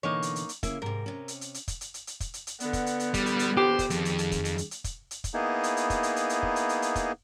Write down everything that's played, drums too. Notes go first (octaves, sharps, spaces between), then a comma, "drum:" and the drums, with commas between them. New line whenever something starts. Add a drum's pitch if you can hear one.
B2 D3 E3 A#3 D#4 C#5
drum: hi-hat
drum: hi-hat
drum: hi-hat
C#3 A#3 E4, drum: kick, hi-hat
G#2 C3 A#4
C3 C#4
drum: hi-hat
drum: hi-hat
drum: hi-hat
drum: kick, hi-hat
drum: hi-hat
drum: hi-hat
drum: hi-hat
drum: kick, hi-hat
drum: hi-hat
drum: hi-hat
D3 B3 B4 D5 F#5, drum: hi-hat
drum: kick, hi-hat
drum: hi-hat
drum: hi-hat
A#1 E2 G3, drum: kick, hi-hat
drum: hi-hat
drum: hi-hat
G4 C5
drum: kick, hi-hat
F2 D#3 G#4, drum: hi-hat
drum: hi-hat
drum: hi-hat
drum: kick, hi-hat
drum: hi-hat
drum: hi-hat
drum: hi-hat
drum: kick, hi-hat
drum: hi-hat
drum: kick, hi-hat
A#3 B3 D#4 E4 G#4
drum: hi-hat
drum: hi-hat
drum: kick, hi-hat
drum: hi-hat
drum: hi-hat
drum: hi-hat
drum: kick
drum: hi-hat
drum: hi-hat
drum: hi-hat
drum: kick, hi-hat